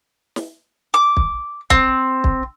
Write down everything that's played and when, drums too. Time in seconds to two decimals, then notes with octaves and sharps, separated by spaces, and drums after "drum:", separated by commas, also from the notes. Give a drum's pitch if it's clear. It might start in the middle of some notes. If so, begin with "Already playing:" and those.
0.36 drum: snare
0.94 D6
1.17 drum: kick
1.70 C4, drum: kick
2.24 drum: kick